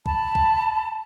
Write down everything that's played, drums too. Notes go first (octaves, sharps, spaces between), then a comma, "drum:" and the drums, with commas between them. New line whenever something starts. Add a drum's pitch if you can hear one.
A5 B5, drum: kick
drum: kick